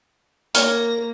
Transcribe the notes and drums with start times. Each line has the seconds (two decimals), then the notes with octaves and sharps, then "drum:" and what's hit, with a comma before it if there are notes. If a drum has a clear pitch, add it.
0.55 A#3 A#4 C#5 F6, drum: hi-hat